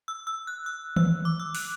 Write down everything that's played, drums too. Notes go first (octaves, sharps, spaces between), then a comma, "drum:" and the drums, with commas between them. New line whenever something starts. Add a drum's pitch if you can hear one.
E6
E6
F#6
E6
E6, drum: tom D#3
D6
E6
F#6, drum: open hi-hat